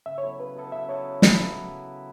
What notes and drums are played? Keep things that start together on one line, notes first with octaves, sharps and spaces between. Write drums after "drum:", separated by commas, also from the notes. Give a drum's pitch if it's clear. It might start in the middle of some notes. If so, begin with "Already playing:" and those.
C#3 E5
C#5
F#3 B3 E4 A4
C#3 B4
F#3 B3 E4 A4
C#3 E5
F#3 B3 E4 A4 C#5
C#3
F#3 B3 E4 A4, drum: snare